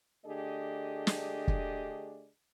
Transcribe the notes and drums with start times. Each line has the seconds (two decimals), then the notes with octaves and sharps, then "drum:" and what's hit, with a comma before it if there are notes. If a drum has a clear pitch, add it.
0.25 D3 A3 D4 G4 G#4 D#5
1.07 drum: snare
1.48 drum: kick